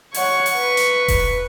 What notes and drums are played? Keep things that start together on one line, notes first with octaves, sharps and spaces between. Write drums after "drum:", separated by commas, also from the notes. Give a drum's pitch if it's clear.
C#5 F#5 C#6, drum: open hi-hat
drum: open hi-hat
B4
drum: hi-hat
drum: kick E1, open hi-hat